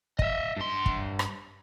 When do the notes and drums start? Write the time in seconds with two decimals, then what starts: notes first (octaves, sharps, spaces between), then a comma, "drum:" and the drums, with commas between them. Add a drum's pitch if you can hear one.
0.19 D#5 E5, drum: kick
0.57 G2 C6
0.86 drum: kick
1.19 drum: rim click